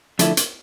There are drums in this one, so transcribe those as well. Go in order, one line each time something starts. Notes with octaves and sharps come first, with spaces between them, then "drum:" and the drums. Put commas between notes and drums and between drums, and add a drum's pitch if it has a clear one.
D3 F3 A3 E4, drum: hi-hat
drum: hi-hat